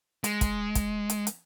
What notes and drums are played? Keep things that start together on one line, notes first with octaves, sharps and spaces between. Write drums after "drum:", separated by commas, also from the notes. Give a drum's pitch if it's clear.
G#3, drum: hi-hat
drum: kick, hi-hat
drum: kick, hi-hat
drum: hi-hat
drum: hi-hat